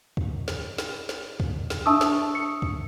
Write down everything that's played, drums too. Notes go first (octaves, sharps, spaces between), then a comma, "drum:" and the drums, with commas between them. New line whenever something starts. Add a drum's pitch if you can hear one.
drum: kick
drum: snare
drum: snare
drum: snare
drum: kick
drum: snare
D4 E5 A5 C#6 D#6 E6
drum: snare
C#7
drum: kick